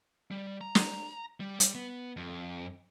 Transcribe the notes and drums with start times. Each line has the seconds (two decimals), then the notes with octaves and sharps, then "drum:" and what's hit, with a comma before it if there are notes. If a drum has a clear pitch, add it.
0.31 G3
0.61 A#5
0.75 drum: snare
1.40 G3
1.60 G3, drum: hi-hat
1.75 B3
2.17 F2